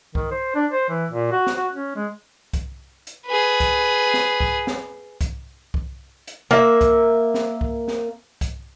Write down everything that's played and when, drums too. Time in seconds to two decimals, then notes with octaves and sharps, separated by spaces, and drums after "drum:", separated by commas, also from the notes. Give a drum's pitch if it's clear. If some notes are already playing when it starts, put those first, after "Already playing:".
0.15 D#3, drum: kick C2
0.31 C5
0.55 D4
0.72 C5
0.89 E3
1.11 A#2
1.31 F#4
1.47 drum: snare
1.57 F#4
1.73 C#4
1.96 G#3
2.53 drum: kick C2, hi-hat
3.07 drum: hi-hat
3.27 G#4 B4
3.60 drum: kick C2, hi-hat
4.14 drum: snare
4.40 drum: kick C2
4.67 drum: snare
5.21 drum: kick C2, hi-hat
5.74 drum: kick C2
6.27 drum: hi-hat
6.51 A#3 E5
6.81 drum: kick C2, hi-hat
7.34 drum: snare
7.61 drum: kick C2
7.88 drum: snare
8.41 drum: kick C2, hi-hat